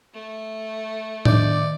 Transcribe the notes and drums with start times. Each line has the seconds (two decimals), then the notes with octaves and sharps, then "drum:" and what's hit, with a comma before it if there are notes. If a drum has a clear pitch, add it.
0.14 A3
1.25 D#3 D4 D5 D6 G6, drum: tom A2